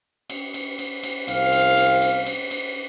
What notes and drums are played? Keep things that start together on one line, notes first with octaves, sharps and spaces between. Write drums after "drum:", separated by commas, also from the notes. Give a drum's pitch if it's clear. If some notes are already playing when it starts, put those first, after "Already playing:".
drum: cymbal
drum: cymbal
drum: cymbal
drum: cymbal
C2 C4 F5, drum: cymbal
drum: cymbal
drum: cymbal
drum: cymbal
drum: cymbal
drum: cymbal